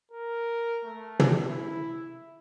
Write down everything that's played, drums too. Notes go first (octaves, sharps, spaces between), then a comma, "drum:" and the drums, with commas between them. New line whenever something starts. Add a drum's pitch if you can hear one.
A#4
A3
drum: tom
E4